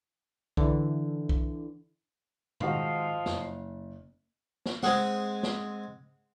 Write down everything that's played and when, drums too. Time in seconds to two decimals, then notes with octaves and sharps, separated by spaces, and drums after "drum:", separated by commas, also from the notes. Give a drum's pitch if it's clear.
0.57 D3 E3, drum: kick B1
1.29 drum: kick B1
2.60 G#2 D#3 F3 F#4 D#5 F5, drum: tom B2
3.26 F#1, drum: snare
4.66 drum: snare
4.83 G#3 C4 G#4 F#5, drum: snare
5.43 drum: snare